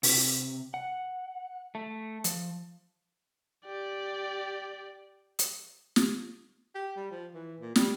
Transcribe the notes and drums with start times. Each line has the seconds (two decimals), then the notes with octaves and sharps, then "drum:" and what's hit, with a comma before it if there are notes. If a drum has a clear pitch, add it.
0.03 C3, drum: open hi-hat
0.74 F#5
1.75 A3
2.24 F3, drum: hi-hat
3.66 G4 D5
5.39 drum: hi-hat
5.96 drum: snare
6.75 G4
6.97 G3
7.11 F3
7.34 E3
7.60 A#2
7.76 G3, drum: snare